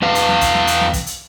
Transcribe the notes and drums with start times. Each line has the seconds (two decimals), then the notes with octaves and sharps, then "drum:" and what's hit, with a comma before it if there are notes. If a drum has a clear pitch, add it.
0.02 E2 B4 F5
0.15 drum: hi-hat
0.28 drum: snare
0.41 drum: kick, hi-hat
0.54 drum: snare
0.67 drum: hi-hat
0.80 drum: snare
0.93 drum: kick, hi-hat
1.07 drum: hi-hat